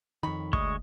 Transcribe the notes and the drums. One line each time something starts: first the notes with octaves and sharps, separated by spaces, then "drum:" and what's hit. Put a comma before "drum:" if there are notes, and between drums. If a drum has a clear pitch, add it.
F2 D#3 C#5 B5
D2 G#3 D#5 C#6, drum: kick